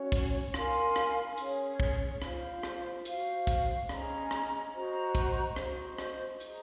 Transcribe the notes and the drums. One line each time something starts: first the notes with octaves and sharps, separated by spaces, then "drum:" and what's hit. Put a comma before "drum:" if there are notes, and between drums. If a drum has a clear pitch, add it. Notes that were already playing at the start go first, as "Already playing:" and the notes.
Already playing: C#4 F#4 C#5
drum: kick, hi-hat
A#4 F5 G#5 C6, drum: rim click
drum: rim click
C#4 G#4 C#5, drum: hi-hat
drum: kick
F4 C5 F5, drum: rim click
drum: rim click
F#4 C5 F5, drum: hi-hat
drum: kick, hi-hat
C#4 G#4 D#5 A#5, drum: rim click
drum: rim click
F#4 C5 D#5 A#5
drum: kick, hi-hat
F#4 C5 D#5, drum: rim click
drum: rim click
G#4 C5 D#5 A#5, drum: hi-hat